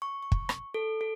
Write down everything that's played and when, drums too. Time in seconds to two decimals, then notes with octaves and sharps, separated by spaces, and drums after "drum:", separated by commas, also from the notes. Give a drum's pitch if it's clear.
0.02 C#6
0.23 C#6
0.32 drum: kick
0.49 drum: rim click
0.74 A4
1.01 A4